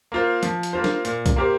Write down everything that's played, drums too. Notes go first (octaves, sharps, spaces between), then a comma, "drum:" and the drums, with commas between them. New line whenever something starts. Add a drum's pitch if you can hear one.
A#3 F4 C5
F3, drum: hi-hat
drum: hi-hat
A#3 F4 C5
drum: snare
A#2, drum: hi-hat
drum: kick B1, hi-hat
A#3 G4 C5